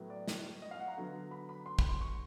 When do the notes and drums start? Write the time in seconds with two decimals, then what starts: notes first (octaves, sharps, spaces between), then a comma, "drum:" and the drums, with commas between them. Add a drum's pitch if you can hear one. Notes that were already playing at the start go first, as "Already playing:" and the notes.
Already playing: A2 F#3 B3
0.10 D5
0.28 drum: snare
0.62 D#5
0.71 F5
0.80 F#5
0.88 A#5
0.97 D3 F#3 B3
1.31 B5
1.49 B5
1.66 C6
1.79 B5, drum: kick
1.89 C6
2.01 C#6